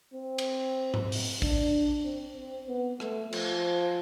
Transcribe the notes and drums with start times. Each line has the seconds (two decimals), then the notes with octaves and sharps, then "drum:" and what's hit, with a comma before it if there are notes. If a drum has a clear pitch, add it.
0.14 C4
0.38 drum: cymbal
0.94 drum: tom G#2
1.12 drum: open hi-hat
1.42 D4, drum: kick
2.05 C4
2.36 C4
2.68 B3
3.00 A3, drum: rim click
3.33 F3, drum: cymbal